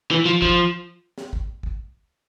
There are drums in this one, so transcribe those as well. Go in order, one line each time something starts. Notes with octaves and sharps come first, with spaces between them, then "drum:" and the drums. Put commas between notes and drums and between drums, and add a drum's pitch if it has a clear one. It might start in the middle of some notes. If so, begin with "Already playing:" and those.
E3
F3
F3, drum: kick
drum: snare
drum: kick
drum: kick